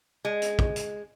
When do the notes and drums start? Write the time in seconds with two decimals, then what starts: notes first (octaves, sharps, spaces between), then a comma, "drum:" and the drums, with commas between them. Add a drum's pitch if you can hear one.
0.25 G#3
0.42 drum: hi-hat
0.59 drum: kick
0.76 drum: hi-hat